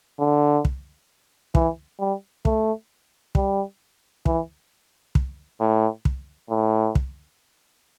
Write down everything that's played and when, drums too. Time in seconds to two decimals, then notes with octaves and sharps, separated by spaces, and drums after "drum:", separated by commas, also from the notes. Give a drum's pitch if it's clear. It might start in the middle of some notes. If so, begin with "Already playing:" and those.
0.20 D3
0.65 drum: kick
1.55 E3, drum: kick
1.99 G3
2.45 A3, drum: kick
3.35 G3, drum: kick
4.26 E3, drum: kick
5.15 drum: kick
5.60 A2
6.05 drum: kick
6.50 A2
6.95 drum: kick